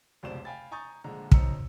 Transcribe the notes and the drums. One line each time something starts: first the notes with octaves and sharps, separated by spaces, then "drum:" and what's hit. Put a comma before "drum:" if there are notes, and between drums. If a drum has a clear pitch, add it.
F1 C#2 B2 C5 D5 E7
F5 G5 G#5 B5 A6
G#5 A#5 C#6 D#6 G6 A6
A#1 D3 G#3 A#5
B1 D#4 C5 A#5 E6 C#7, drum: kick